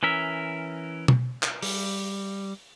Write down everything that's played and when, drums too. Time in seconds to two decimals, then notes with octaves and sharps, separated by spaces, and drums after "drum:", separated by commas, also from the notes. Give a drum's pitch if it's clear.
0.03 E3 C#4 A#4 E5
1.08 drum: tom B2
1.43 drum: clap
1.63 G3, drum: open hi-hat